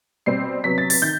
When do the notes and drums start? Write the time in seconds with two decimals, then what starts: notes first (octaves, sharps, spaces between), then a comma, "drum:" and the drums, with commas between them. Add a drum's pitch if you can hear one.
0.26 B2 G3 C4 C7
0.64 C3 F#3 B3 B6
0.78 A6
0.90 A6, drum: open hi-hat
1.02 D#3 G6